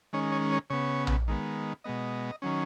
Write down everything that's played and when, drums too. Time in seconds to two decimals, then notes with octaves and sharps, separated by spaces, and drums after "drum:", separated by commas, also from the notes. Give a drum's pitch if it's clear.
0.13 D#3 G#3 C#4 C#5
0.32 C#5
0.52 C#5
0.70 C#3 B3 C#5
1.07 drum: tom A#1
1.28 D#3 G#3 B3
1.84 B2 G#3 B3 D#5
2.42 D#3 F#3 C#4